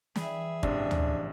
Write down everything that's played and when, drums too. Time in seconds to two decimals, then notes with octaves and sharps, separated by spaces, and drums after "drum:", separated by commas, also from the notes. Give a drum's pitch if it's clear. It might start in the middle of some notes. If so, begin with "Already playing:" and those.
0.16 E3 G3 G#4 E5 B5, drum: snare
0.63 A1 G2 C3 F3 D4 C6, drum: kick
0.91 drum: tom